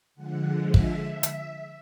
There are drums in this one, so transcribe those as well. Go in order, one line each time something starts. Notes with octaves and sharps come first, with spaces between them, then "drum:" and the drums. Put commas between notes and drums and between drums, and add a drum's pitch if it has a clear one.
D3 F3 G#3 F#5
E5
drum: kick
drum: hi-hat